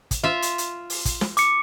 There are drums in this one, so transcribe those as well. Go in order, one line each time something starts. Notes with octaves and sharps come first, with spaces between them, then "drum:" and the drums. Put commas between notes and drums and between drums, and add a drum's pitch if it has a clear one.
drum: kick, hi-hat
F4 E5
drum: hi-hat
drum: hi-hat
drum: open hi-hat
drum: kick, hi-hat
drum: snare
D6 C#7, drum: hi-hat